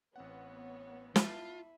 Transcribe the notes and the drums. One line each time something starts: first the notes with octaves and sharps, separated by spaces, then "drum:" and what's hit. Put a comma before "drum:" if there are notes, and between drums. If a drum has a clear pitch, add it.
A1 B3 C4 C#5 F#5
E4 F4 A5 D#7, drum: snare